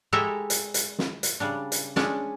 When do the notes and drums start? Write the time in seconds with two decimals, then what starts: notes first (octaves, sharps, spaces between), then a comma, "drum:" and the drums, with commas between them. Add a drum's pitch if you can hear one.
0.13 G#3 E4 G4 A4 E5 A#5
0.50 drum: hi-hat
0.74 drum: hi-hat
0.99 drum: snare
1.23 drum: hi-hat
1.40 C#3 G3 D4
1.72 drum: hi-hat
1.96 G#3 C#4 D4 D5, drum: snare